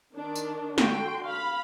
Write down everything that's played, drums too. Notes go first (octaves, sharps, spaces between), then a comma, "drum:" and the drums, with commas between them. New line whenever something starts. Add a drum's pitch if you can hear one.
D#3 D4
drum: tambourine
D3 F#4 G5 C6, drum: snare
F5 B5